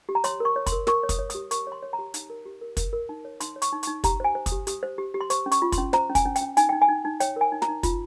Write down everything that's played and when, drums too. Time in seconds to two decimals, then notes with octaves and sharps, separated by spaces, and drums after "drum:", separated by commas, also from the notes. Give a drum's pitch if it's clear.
0.09 G4
0.15 A#5
0.24 C#5 C6, drum: hi-hat
0.40 A#4 C#6
0.56 C#5
0.66 C6, drum: kick, hi-hat
0.72 A#4
0.87 A#4 C#6, drum: snare
1.03 C#5
1.09 D#6, drum: kick, hi-hat
1.19 C#5
1.30 G4 D#6, drum: hi-hat
1.51 A#4 C#6, drum: hi-hat
1.67 C#5 C6
1.83 C#5
1.93 A#5
1.99 G4
2.14 D#4, drum: hi-hat
2.30 A#4
2.45 G4
2.61 A#4
2.77 A#4, drum: kick, hi-hat
2.93 A#4
3.09 D#4
3.25 C#5
3.40 D#4 C6, drum: hi-hat
3.56 C#5
3.62 C#6, drum: hi-hat
3.72 D#4
3.83 D#4 C#6, drum: hi-hat
4.04 G4 A#5, drum: kick, hi-hat
4.20 C5 G#5
4.35 C5
4.46 D#6, drum: kick, hi-hat
4.52 G4
4.67 G4 D#6, drum: hi-hat
4.83 C5
4.98 G4
5.14 G4
5.21 C6
5.30 C5 C#6, drum: hi-hat
5.46 C#4
5.52 C#6, drum: hi-hat
5.62 F4
5.72 C6, drum: kick, hi-hat
5.78 C#4
5.93 C5 A#5, drum: snare
6.10 C#4
6.15 G#5, drum: kick, hi-hat
6.25 C#4
6.36 G5, drum: hi-hat
6.41 C#4
6.57 D#4 G#5, drum: hi-hat
6.69 D#4 G5
6.82 G#5
6.88 D#4
7.05 D#4
7.20 C#5 G5, drum: hi-hat
7.36 A#4 G#5
7.52 D#4
7.62 A#5, drum: snare
7.68 D#4
7.83 F4, drum: kick, hi-hat